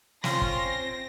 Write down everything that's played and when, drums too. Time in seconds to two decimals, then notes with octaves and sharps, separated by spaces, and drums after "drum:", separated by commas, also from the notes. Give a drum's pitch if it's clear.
0.24 C4 C#4 F4 C6 A#6, drum: snare
0.41 drum: kick